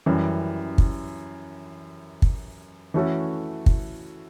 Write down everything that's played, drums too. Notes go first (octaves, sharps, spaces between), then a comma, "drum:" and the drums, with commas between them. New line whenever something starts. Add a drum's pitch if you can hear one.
F#2 E3 G3
drum: kick
drum: kick
E3 A3 C#4 F#4 A4
drum: kick